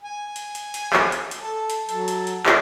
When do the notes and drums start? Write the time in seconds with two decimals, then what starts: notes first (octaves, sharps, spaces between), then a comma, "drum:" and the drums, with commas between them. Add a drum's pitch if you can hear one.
0.02 G#5
0.36 drum: hi-hat
0.55 drum: hi-hat
0.74 drum: hi-hat
0.93 drum: clap
1.12 drum: hi-hat
1.31 drum: hi-hat
1.43 A4
1.70 drum: hi-hat
1.89 F#3 A4, drum: hi-hat
2.08 drum: hi-hat
2.27 drum: hi-hat
2.46 drum: clap